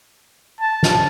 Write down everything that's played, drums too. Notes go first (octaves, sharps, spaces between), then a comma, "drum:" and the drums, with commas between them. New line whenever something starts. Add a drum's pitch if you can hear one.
A5
drum: snare